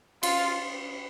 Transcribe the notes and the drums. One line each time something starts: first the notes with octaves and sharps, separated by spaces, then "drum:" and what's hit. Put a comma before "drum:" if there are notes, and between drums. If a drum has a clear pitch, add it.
F4, drum: cymbal